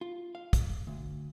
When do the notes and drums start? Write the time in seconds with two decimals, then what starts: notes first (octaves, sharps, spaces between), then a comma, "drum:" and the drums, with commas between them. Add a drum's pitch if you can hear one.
0.01 F4
0.35 F5
0.53 drum: kick, hi-hat
0.87 D2